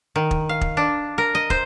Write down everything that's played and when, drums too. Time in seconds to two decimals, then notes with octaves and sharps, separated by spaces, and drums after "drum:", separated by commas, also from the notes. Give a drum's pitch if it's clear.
0.16 D#3
0.31 drum: kick
0.49 F5
0.61 drum: kick
0.77 D4
1.18 A#4
1.35 D#5
1.50 C5, drum: kick